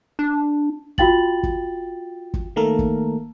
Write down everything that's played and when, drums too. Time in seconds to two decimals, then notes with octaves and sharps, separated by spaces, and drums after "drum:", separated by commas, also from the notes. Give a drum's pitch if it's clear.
0.19 D4
0.98 F4 F#4 F5 G5 A6 F#7, drum: kick
1.43 drum: kick
2.34 drum: kick
2.56 D#3 A3 A#3 A4 A#4
2.79 drum: kick